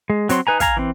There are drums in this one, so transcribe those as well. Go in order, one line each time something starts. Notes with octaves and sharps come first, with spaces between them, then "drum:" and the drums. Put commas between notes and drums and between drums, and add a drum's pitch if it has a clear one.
G#3
F#3 C4 C#5 C6, drum: hi-hat
D#4 B4 G#5 A#5
F5 G#5 A#5, drum: kick, hi-hat
E3 C4